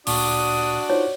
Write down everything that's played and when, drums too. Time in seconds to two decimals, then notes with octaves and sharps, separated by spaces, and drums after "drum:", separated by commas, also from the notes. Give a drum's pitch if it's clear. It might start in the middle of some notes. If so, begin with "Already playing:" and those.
0.07 D2 A#2 D4 F#4 D5 C#6 D#6, drum: open hi-hat
0.90 D#4 F4 C5 C#5